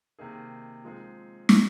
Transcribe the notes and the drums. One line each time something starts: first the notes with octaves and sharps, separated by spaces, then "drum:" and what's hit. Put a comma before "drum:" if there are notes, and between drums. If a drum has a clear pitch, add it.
C3 D#3 A#3 D#4 G#4
F3 G#3 C4 D#4 G#4
D3 F3 A#3 D#4 G#4, drum: snare